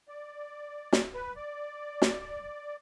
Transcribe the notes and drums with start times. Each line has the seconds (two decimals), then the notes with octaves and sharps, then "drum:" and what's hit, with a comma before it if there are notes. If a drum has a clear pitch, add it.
0.08 D5
0.93 drum: snare
1.14 B4
1.36 D5
2.02 drum: snare